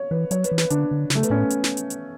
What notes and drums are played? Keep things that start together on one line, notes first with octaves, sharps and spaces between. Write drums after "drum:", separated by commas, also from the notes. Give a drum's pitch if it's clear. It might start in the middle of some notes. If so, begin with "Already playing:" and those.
Already playing: C#5
E3 B4
F#3 C#5, drum: hi-hat
B4, drum: hi-hat
E3
B4, drum: snare
D3 D4, drum: hi-hat
D3
C#3, drum: snare
A3
B3, drum: hi-hat
A2 C#4
drum: hi-hat
drum: snare
drum: hi-hat
drum: hi-hat